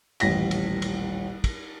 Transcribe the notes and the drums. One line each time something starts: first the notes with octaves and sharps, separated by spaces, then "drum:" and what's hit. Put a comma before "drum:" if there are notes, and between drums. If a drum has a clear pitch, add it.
D#1 A1 A#6 B6, drum: cymbal
drum: cymbal
drum: cymbal
drum: kick, cymbal